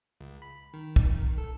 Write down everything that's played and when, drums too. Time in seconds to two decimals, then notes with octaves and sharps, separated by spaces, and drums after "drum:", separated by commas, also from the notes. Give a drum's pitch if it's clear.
0.21 C#2
0.42 B5
0.74 D#3
0.96 drum: kick
1.38 A4